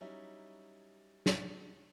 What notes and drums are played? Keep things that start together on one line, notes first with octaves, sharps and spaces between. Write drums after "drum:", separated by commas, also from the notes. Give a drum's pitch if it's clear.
F#3 G3 C#4 D#4 E4
drum: snare